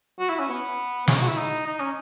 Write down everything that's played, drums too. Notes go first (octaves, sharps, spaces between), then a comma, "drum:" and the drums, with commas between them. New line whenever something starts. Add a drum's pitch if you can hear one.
F#4
E4
C#4
B3
C#4, drum: snare
D#4
F#4
E4
D#4
D#4
C#4